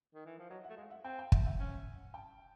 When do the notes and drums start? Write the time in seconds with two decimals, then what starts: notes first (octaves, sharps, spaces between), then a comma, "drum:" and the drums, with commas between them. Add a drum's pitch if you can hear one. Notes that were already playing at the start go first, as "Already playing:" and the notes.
0.14 D#3
0.25 E3
0.38 F3
0.50 F#3 C#5 D#5
0.64 E5 F#5
0.70 A3
0.77 G#3 D#5 F5
0.90 E5 F#5
1.04 C4 F5 G5
1.19 F5 G5
1.32 E5 F#5, drum: kick
1.46 E5 F#5
1.60 C#4
2.14 G5 A5